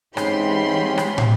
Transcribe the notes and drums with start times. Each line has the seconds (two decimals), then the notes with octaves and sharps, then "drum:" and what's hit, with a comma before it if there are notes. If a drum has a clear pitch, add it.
0.17 G#2 E3 G#3 C4 C#4 G4 B5 C6, drum: rim click
0.98 drum: rim click
1.18 drum: tom